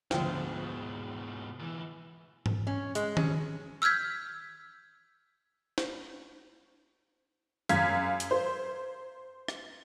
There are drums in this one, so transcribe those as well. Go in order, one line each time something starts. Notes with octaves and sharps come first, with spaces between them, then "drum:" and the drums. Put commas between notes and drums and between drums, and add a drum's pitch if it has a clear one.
D2 G#2 B2 F3 G5, drum: snare
D2 E3
drum: tom G#2
C#4
G#3, drum: hi-hat
C#4, drum: tom D#3
E6 F6 G6 G#6 B6
drum: snare
F#2 F5 G#6 B6, drum: hi-hat
drum: hi-hat
C5
drum: rim click